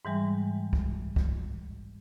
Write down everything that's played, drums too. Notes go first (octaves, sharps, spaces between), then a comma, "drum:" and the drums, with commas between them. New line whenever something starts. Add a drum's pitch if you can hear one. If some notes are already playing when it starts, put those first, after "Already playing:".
G#2 E3 G3 G#3
drum: kick
drum: kick